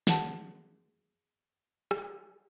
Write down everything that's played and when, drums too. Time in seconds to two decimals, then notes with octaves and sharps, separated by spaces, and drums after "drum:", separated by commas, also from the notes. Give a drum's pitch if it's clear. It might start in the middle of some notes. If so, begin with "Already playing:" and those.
0.07 G#4 F#5 A5, drum: snare
1.91 drum: rim click